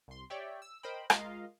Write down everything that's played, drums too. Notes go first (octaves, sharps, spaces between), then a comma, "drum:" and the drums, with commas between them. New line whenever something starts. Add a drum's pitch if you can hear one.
C2 C6
G4 C#5 D5 E5 G5
E6
A#4 C5 D#5 G5 B5
G#3 F4 A#4 D#5 F5, drum: rim click